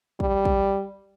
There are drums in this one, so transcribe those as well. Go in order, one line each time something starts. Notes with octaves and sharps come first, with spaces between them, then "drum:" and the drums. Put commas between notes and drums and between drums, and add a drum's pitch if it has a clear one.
G3, drum: kick
drum: kick